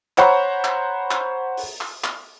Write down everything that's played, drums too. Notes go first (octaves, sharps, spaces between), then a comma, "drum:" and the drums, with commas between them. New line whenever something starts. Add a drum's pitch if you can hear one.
C5 C#5 F#5 A#5 B5 C#6, drum: clap
drum: clap
drum: clap
drum: open hi-hat
drum: clap
drum: clap